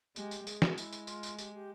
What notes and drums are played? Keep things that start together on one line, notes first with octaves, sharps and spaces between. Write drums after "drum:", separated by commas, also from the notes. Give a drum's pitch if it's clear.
G#3 G4, drum: tambourine
drum: tambourine
G#3 G#4, drum: tambourine
drum: snare
E4, drum: tambourine
drum: tambourine
F4, drum: tambourine
drum: tambourine
G4, drum: tambourine
G4